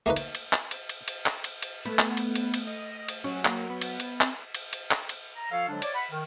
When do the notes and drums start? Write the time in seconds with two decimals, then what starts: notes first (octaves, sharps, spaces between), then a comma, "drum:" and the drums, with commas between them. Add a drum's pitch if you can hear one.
0.06 A3 A#3 D#4 B4
0.16 drum: cymbal
0.35 drum: cymbal
0.53 drum: clap
0.71 drum: cymbal
0.89 drum: cymbal
1.08 drum: cymbal
1.26 drum: clap
1.44 drum: cymbal
1.62 drum: cymbal
1.85 A3 B3
1.99 drum: clap
2.17 drum: cymbal
2.35 drum: cymbal
2.54 drum: cymbal
2.67 D#5
3.08 drum: cymbal
3.24 F#3 C#4
3.45 A#3, drum: clap
3.70 B3
3.82 drum: cymbal
4.00 drum: cymbal
4.21 C4, drum: clap
4.55 drum: cymbal
4.73 drum: cymbal
4.91 drum: clap
5.09 drum: cymbal
5.36 A#5
5.51 F3 F4 A4 C#5 F5
5.69 D3 F3 F#3 G#3 D4
5.82 C#5 D5, drum: cymbal
5.94 F#5 B5
6.12 D#3